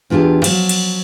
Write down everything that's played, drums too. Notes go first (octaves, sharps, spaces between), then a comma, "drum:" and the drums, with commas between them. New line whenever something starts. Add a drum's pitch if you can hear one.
E2 D4 F4 G4 A5
F3 F#3, drum: cymbal
drum: cymbal